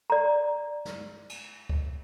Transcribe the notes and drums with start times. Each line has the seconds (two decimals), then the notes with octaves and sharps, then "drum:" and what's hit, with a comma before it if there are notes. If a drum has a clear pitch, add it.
0.10 D5 A#5
0.85 drum: snare
1.30 drum: cymbal
1.69 drum: kick C#2